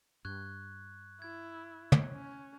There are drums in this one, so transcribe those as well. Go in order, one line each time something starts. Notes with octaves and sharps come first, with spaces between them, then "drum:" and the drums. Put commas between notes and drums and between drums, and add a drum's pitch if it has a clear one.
G2 C#6 F#6 G#6
E4 G#6
drum: tom
C#4